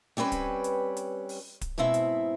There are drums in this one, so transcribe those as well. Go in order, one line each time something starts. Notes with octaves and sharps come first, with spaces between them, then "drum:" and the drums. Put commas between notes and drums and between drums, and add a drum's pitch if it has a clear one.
G3 C4 C#4 B4 C#5
drum: kick D1, hi-hat
drum: hi-hat
drum: hi-hat
drum: open hi-hat
drum: kick D1, hi-hat
G#2 B2 C4 E4 E5
drum: hi-hat